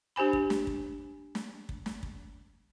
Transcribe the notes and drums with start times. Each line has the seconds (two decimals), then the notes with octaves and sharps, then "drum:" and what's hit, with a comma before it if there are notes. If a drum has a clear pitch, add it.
0.16 D4 G4 C5 G#5 B5
0.33 drum: kick
0.50 drum: snare
0.67 drum: kick
1.35 drum: snare
1.69 drum: kick
1.86 drum: snare
2.03 drum: kick